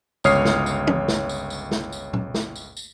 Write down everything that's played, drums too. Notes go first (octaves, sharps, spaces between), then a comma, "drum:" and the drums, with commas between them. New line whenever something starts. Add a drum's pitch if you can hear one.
G1 C#2 C#5 D#6 F6 C7, drum: tambourine
drum: snare
drum: tambourine
drum: tom E3
drum: snare
drum: tambourine
drum: tambourine
drum: snare
drum: tambourine
drum: tom A#2
drum: snare
drum: tambourine
drum: tambourine